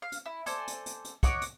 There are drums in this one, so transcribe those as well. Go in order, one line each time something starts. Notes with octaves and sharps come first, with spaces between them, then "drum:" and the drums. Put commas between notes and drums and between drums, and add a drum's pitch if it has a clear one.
F5
drum: hi-hat
E4
A4 C5 D5 G#5, drum: hi-hat
drum: hi-hat
drum: hi-hat
drum: hi-hat
C#5 D#5 F#5 D6, drum: kick, hi-hat
drum: hi-hat